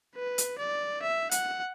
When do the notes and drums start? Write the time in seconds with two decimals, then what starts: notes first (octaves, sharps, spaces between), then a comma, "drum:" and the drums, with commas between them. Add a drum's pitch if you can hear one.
0.16 B4
0.38 drum: hi-hat
0.58 D5
1.02 E5
1.31 F#5, drum: hi-hat